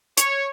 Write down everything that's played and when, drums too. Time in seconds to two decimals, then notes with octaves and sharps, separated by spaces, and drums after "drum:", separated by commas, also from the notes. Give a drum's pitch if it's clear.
0.17 C#5, drum: hi-hat